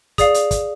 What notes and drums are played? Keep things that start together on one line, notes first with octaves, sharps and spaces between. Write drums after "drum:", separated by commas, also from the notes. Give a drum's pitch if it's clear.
G#4 D5 F5 D#6, drum: kick, hi-hat
drum: hi-hat
drum: kick, hi-hat